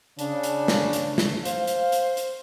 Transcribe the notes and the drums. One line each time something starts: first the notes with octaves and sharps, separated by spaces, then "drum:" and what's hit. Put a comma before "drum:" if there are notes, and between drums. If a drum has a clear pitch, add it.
C#3 D4, drum: hi-hat
drum: hi-hat
drum: snare
drum: hi-hat
drum: snare
C5 F5, drum: hi-hat
drum: hi-hat
drum: hi-hat
drum: hi-hat